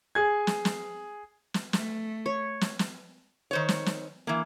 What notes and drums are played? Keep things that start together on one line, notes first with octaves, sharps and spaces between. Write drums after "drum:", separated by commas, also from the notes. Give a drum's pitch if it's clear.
G#4 G#6
drum: snare
drum: snare
drum: snare
A3, drum: snare
C#5
drum: snare
drum: snare
D#3 C5 C#5
drum: snare
drum: snare
E3 A#3